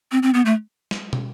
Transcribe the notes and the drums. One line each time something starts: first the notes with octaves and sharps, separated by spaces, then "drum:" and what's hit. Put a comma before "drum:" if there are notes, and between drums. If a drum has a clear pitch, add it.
C4
C4
B3
A3
drum: snare
drum: tom